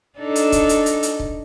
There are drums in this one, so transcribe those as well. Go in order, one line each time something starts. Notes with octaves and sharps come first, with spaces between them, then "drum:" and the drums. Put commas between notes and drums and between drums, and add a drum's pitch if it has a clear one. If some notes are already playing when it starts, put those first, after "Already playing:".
D4 D#4 A4
drum: hi-hat
drum: kick, hi-hat
drum: hi-hat
drum: hi-hat
drum: hi-hat
drum: kick